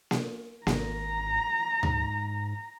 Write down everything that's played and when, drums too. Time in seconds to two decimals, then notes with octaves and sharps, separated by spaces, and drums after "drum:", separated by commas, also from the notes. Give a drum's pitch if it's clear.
0.11 drum: snare A#3
0.67 G#1 A#5, drum: snare A#3
1.83 G#2, drum: tom D2